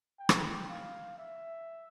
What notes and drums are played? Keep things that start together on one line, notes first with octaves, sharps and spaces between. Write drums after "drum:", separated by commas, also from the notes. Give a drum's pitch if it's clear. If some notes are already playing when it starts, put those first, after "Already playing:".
G5
drum: rim click
F5
E5